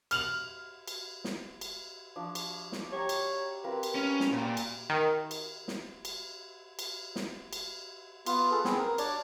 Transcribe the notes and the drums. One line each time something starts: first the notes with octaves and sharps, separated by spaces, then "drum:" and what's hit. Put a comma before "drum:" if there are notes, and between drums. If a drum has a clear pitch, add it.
F6 F7 F#7, drum: cymbal
drum: cymbal
drum: snare
drum: cymbal
F3 D4 C#6
drum: cymbal
drum: snare
G4 C#5 A#5
drum: cymbal
C4 F4 A#4 B4
drum: cymbal
C#4
drum: snare
A#2 G5 A#5 B5
drum: cymbal
D#3
drum: cymbal
drum: snare
drum: cymbal
drum: cymbal
drum: snare
drum: cymbal
B3 F4, drum: cymbal
G#4 A4 B4
B3 C4 G#4, drum: snare
A#4
D4 C#5 D5, drum: cymbal